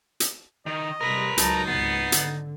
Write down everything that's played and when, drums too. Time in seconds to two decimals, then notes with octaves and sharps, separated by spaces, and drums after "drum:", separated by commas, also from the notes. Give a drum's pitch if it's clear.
0.20 drum: hi-hat
0.66 D#3 D#5
1.01 C3 G3 A#4 B4 A#6 B6
1.38 C#2 F#3 D#4 A5 A#5, drum: hi-hat
1.68 G#1 C#2 B3 A6 C7
2.12 D3, drum: hi-hat